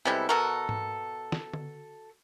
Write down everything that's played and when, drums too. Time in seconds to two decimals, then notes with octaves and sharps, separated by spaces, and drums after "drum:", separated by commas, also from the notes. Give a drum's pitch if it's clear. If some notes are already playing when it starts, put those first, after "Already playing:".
0.05 C3 G3 G#3 B3 E4 A4
0.29 B2 F#4 A4 A#4 D#6
0.69 drum: tom G#2
1.32 drum: snare
1.53 drum: tom D3